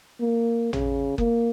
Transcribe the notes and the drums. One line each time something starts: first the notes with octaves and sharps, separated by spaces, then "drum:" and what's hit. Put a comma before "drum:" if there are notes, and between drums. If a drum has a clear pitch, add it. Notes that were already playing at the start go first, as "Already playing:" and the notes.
A#3
C#3, drum: tom A1
A#3, drum: kick F#1